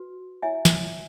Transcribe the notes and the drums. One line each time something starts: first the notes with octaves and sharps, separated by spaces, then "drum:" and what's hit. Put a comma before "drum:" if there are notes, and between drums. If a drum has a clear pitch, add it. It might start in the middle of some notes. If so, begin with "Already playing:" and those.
Already playing: F#4 B4
E4 C#5 E5 G#5
drum: snare